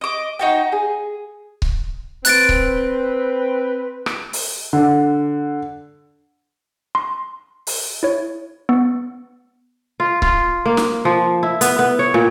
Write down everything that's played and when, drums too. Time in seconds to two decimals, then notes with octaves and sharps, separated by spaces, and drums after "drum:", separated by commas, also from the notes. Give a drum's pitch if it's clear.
0.01 D#5 D6
0.39 D#4 F#4 G5
0.72 G#4
1.62 drum: kick C#1
2.25 C4 B4 F#6 A6 D7, drum: hi-hat
2.49 drum: kick C#1
4.06 drum: rim click
4.33 drum: open hi-hat
4.73 D3
6.95 C6
7.67 drum: open hi-hat
8.03 E4 C#5
8.69 B3
10.00 F4
10.22 F4, drum: kick C#1
10.66 A#3
10.77 drum: snare
11.05 F3
11.43 E4
11.61 B3, drum: hi-hat
11.79 B3
11.99 C#5
12.14 A#2